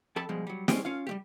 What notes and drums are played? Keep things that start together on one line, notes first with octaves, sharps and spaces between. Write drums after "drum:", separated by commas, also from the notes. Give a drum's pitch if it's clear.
F2 G4 A4 A5 B5
G#2 B2 F3 G3 G#3
F#3 G3
G3 G#3 C4 C#4 G4, drum: snare
C#4 F4 F5
G3 A3 G4